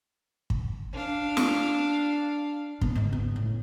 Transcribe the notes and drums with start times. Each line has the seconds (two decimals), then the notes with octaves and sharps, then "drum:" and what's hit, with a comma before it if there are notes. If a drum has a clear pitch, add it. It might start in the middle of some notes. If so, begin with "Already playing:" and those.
0.50 drum: kick
0.93 D4 F5
1.37 drum: snare
2.81 B3, drum: kick
2.95 G#2 C#3
3.13 B3
3.36 A2